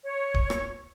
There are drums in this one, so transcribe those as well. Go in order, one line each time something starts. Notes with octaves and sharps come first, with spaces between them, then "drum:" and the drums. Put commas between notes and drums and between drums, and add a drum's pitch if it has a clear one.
C#5
drum: kick D1
drum: rim click